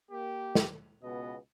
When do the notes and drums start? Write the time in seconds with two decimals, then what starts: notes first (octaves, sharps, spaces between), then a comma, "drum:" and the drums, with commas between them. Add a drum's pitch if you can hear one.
0.11 A#3 G4
0.55 drum: snare
1.03 C#2 B2 B3 D#5